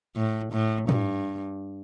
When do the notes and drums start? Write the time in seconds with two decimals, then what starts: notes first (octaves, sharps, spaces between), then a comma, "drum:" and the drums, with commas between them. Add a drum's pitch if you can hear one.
0.16 A2
0.53 A2
0.89 G2, drum: tom